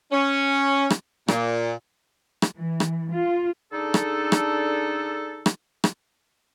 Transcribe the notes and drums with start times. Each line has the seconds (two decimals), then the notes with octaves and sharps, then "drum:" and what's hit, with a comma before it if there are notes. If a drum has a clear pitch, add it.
0.12 C#4
0.90 drum: rim click
1.28 A#2, drum: rim click
2.42 drum: rim click
2.56 E3
2.80 drum: rim click
3.11 F4
3.72 D3 D4 D#4 G#4 A4
3.94 drum: rim click
4.32 drum: rim click
5.46 drum: rim click
5.84 drum: rim click